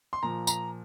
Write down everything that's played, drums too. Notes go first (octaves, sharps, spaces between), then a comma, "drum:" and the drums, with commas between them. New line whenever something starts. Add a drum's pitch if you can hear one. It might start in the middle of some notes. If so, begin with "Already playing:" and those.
C6
A#2 F3 A#5
A#5, drum: tambourine